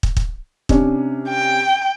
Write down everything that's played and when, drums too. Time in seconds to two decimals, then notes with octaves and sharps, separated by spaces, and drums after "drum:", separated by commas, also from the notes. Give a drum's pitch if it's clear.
0.03 drum: kick
0.17 drum: kick
0.69 C3 C#4 D4, drum: kick
1.29 G5